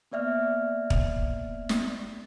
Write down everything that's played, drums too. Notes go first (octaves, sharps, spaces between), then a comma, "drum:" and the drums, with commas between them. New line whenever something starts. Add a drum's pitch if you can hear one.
A#3 B3 D5 E5 F6
drum: kick
drum: snare